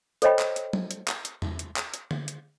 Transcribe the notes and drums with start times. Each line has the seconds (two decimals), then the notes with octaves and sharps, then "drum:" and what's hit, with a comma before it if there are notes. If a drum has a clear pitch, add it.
0.22 A4 C5 C#5 D#5 G5 B5, drum: hi-hat
0.39 drum: clap
0.56 drum: hi-hat
0.73 drum: tom
0.91 drum: hi-hat
1.08 drum: clap
1.25 drum: hi-hat
1.42 drum: tom E2
1.59 drum: hi-hat
1.76 drum: clap
1.94 drum: hi-hat
2.11 drum: tom D3
2.28 drum: hi-hat